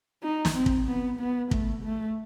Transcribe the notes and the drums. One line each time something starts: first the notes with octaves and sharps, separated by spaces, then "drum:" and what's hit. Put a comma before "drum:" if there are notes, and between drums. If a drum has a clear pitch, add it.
D#4
drum: snare
C4
drum: kick
B3
B3
A3, drum: kick
A3